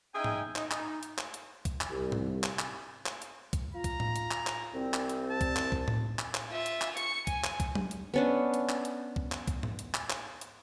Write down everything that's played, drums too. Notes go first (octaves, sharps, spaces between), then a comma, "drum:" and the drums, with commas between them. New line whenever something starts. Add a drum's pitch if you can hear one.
C#4 D#4 G#4 E5 G5 G#5
drum: tom G#2
D#4, drum: clap
drum: clap
drum: hi-hat
drum: clap
drum: hi-hat
drum: kick, hi-hat
drum: clap
C2
drum: tom G#2
drum: clap
drum: clap
drum: clap
drum: hi-hat
drum: kick, hi-hat
F4 A#5
drum: kick, hi-hat
drum: tom A2
drum: hi-hat
drum: clap
drum: clap
C2 C4
drum: clap
drum: hi-hat
A5
drum: kick, hi-hat
drum: clap
drum: kick
drum: tom A2
drum: clap
drum: clap
F4 E5
drum: hi-hat
drum: clap
C#6 C#7, drum: hi-hat
G#5, drum: kick, hi-hat
drum: clap
drum: kick, hi-hat
drum: tom F#3
drum: hi-hat
B3 C#4 D4
drum: hi-hat
drum: clap
drum: hi-hat
drum: kick
drum: clap
drum: kick, hi-hat
drum: tom G#2
drum: hi-hat
drum: clap
drum: clap
drum: hi-hat